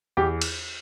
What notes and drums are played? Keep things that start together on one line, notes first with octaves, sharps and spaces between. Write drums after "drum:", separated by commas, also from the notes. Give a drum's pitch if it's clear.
E2 G4
drum: cymbal